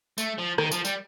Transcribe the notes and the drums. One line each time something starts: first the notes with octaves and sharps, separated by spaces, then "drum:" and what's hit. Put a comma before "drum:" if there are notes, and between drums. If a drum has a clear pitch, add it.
A3, drum: tambourine
F3
D#3, drum: rim click
F3, drum: tambourine
G3, drum: tambourine